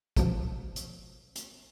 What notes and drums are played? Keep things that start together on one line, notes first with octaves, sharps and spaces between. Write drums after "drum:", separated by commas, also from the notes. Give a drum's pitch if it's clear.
G#1 C#2 B2 F3, drum: kick, hi-hat
drum: hi-hat
drum: hi-hat